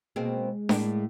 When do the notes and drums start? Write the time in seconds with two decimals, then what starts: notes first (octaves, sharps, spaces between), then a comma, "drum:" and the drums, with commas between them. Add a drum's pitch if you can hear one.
0.16 B2 G#3 A#3 C4
0.69 A2 A#3 D4, drum: snare D4